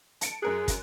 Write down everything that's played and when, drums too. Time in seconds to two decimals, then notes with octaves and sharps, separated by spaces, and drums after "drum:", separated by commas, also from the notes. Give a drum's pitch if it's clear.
0.21 A5 C#7 D7, drum: hi-hat
0.42 F#2 G#4 A#4 F#6
0.68 drum: kick, hi-hat